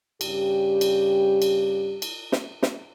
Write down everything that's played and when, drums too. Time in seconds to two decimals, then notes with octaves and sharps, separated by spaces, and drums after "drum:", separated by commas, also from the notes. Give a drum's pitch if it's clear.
0.21 G2 C#3 G3 G4, drum: cymbal
0.81 drum: cymbal
1.42 drum: cymbal
2.02 drum: cymbal
2.32 drum: snare
2.63 drum: snare